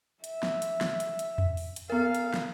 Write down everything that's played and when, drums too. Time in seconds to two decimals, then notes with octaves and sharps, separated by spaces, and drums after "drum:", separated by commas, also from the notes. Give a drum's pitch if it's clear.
0.24 E5, drum: hi-hat
0.43 drum: snare
0.62 drum: hi-hat
0.81 drum: snare
1.00 drum: hi-hat
1.19 drum: hi-hat
1.38 drum: tom E2
1.57 drum: open hi-hat
1.76 drum: hi-hat
1.90 B3 A#4 F5
2.15 drum: hi-hat
2.34 drum: snare